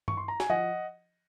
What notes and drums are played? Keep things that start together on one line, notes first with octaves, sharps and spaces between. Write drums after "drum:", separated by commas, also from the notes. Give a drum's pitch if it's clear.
C#6, drum: tom G2
C6
A#5
G#5, drum: snare
F3 D#5 F#5